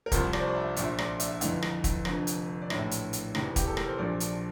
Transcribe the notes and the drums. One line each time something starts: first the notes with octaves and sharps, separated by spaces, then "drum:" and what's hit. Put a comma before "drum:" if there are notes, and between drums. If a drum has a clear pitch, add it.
A#4
C2 C3 F3 C5, drum: kick, hi-hat
D5, drum: rim click
C5
D5
E5
A#1 A#2 F3 E5, drum: hi-hat
D5, drum: rim click
E5, drum: hi-hat
E5
G1 F2 E3 F5, drum: hi-hat
drum: rim click
drum: kick, hi-hat
F1 F2 D3 F3, drum: rim click
drum: hi-hat
D5
A#1 A2 E3 E5, drum: rim click
drum: hi-hat
drum: hi-hat
F1 E2 C3 E3, drum: rim click
G4, drum: kick, hi-hat
A4
A#4, drum: rim click
C5
A#1 A#2 F3 D5
drum: hi-hat